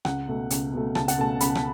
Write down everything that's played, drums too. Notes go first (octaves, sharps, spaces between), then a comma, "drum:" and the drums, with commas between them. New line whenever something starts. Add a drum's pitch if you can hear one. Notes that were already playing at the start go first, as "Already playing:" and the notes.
C#2 F#5, drum: rim click
B2 A3
C#2, drum: hi-hat
B2 A3
C#2 A5, drum: rim click
F#5, drum: hi-hat
B2 A3 A5
C#2 B5, drum: hi-hat
drum: rim click